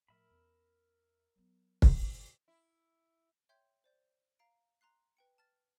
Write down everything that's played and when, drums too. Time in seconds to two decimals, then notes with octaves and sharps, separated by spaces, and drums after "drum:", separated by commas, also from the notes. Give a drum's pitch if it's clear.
0.08 A2 F3 A#4 E5 B5
0.31 E2 C#4
1.36 F#3 B3
1.82 drum: kick
2.48 E4
3.49 C#5 E5 G5 C6 G6 G#6
3.84 C5 D5 G6
4.39 F5 A#5 C7 D7
4.81 A#5 C6 F#6 C7
5.17 B4 G5 C#7
5.38 A5 F6 A6